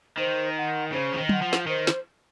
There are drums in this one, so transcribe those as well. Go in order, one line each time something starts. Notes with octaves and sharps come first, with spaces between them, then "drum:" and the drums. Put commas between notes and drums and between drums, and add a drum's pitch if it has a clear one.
D#3 C5
F#5 C6
C#3 C5
F3
D#3
F#5 C6, drum: tom
F3
drum: snare
D#3 C5
drum: snare